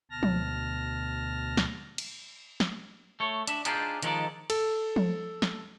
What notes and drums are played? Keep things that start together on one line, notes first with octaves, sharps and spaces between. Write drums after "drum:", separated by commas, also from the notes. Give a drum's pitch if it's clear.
D2 B2 A5 F6 A#6
drum: tom F3
drum: snare
drum: cymbal
drum: snare
A3 C#5
D4 E5, drum: hi-hat
D4 D#4 F4 G4 G#4 C5, drum: hi-hat
D#3 F3 G#3 D#4 A4 D5, drum: hi-hat
A4, drum: cymbal
drum: tom F3
drum: snare